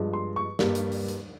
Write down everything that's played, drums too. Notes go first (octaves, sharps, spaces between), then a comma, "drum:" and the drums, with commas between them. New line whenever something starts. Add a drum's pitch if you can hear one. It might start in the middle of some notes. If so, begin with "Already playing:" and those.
Already playing: G2 F3 G#3
C6
C#6
G2 G3 A#3, drum: snare
drum: hi-hat
drum: open hi-hat
drum: hi-hat